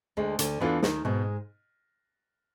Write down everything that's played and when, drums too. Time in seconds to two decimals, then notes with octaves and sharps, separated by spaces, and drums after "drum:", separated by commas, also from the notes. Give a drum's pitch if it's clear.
0.17 D2 D3 G#3
0.39 D2 D3, drum: hi-hat
0.60 E2 E3 B3 D4 F4 A4
0.83 D#2 D#3, drum: snare
1.05 G#2 B2 G#3